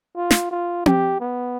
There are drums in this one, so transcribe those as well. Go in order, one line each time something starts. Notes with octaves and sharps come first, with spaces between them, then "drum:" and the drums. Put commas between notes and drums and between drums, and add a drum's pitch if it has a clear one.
F4
drum: snare
F4
G4, drum: tom C4
B3